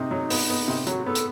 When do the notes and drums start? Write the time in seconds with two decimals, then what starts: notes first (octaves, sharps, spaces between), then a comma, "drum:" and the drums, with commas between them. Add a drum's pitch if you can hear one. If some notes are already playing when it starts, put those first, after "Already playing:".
Already playing: C3 D#4
0.11 F#3
0.30 B3, drum: open hi-hat
0.50 B3
0.68 C3
0.87 F#3 F#4, drum: hi-hat
1.06 B3 A4
1.15 drum: hi-hat